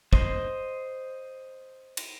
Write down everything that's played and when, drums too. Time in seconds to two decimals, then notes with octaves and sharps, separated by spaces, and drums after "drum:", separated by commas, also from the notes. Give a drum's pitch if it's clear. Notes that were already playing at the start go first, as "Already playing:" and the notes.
0.13 C5 D#5 C6, drum: kick
1.97 drum: cymbal